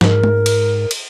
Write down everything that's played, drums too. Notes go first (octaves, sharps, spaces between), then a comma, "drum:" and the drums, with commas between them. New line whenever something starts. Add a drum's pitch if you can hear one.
G#2 A#4, drum: snare
drum: tom G#3
drum: cymbal
drum: cymbal